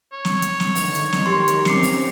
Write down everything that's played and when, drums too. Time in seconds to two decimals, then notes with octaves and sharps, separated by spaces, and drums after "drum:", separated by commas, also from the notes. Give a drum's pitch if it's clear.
0.12 C#5
0.25 drum: snare
0.42 drum: hi-hat
0.60 drum: snare
0.75 D3 D#3, drum: open hi-hat
0.95 drum: hi-hat
1.13 drum: snare
1.26 D#3 F#3 G4 A#4 C6
1.48 drum: hi-hat
1.65 C4 C#4 D6 C7 C#7, drum: snare
1.83 drum: open hi-hat